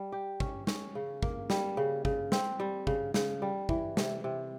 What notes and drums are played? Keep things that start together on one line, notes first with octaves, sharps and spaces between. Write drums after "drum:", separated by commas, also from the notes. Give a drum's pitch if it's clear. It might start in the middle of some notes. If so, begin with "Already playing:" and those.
Already playing: G3
G4
C#4, drum: kick
C#4, drum: snare
C#3
A#3, drum: kick
G3, drum: snare
C#3
C#3, drum: kick
C4, drum: snare
G3
C#3, drum: kick
C#3, drum: snare
G3
E3, drum: kick
C3, drum: snare
C3